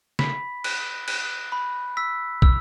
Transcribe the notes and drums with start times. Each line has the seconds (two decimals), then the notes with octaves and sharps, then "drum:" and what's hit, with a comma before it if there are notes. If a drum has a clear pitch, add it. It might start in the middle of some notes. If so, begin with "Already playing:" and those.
0.19 B5 B6, drum: snare
0.64 F#6, drum: cymbal
1.08 F#6, drum: cymbal
1.52 B5
1.97 E6 B6
2.42 E6, drum: kick